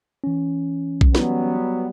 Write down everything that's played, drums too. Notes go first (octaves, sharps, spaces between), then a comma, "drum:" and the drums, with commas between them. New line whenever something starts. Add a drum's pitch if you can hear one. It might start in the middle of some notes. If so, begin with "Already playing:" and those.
E3 C#4
drum: kick B1
F#3 G3 B3, drum: snare